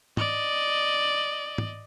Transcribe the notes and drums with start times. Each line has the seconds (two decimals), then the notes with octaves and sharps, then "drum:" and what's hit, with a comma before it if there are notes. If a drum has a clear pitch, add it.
0.17 D5 D#5, drum: tom
1.58 drum: tom